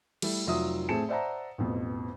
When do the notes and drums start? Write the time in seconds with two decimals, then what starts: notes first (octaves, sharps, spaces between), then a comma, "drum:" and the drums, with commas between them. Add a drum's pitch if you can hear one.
0.22 G3 A3 E4 A4, drum: cymbal
0.47 F1 F#3 F4 E5 D#6
0.89 A2 C4 G#4 A5 C#7 E7
1.09 C5 D5 E5 F#5 A5 A#5
1.58 A1 F2 B2